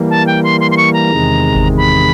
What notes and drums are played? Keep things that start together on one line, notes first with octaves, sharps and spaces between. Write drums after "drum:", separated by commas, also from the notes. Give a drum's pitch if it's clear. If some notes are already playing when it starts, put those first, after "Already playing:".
Already playing: E3 G3 A#3
A5
G5
C6
C6
C6
C#6
A#5
E2 C3 D#3 G#3
drum: kick G1
B5